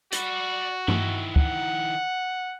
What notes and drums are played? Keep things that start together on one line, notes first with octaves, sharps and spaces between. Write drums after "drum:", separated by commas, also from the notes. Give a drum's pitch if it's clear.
F#4 D5 B5, drum: hi-hat
D#3 E4, drum: tom
F#5, drum: kick